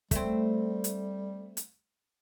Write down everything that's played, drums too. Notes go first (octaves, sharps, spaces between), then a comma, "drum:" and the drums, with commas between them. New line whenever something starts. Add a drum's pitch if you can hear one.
G3 A3 C4, drum: kick, hi-hat
drum: hi-hat
drum: hi-hat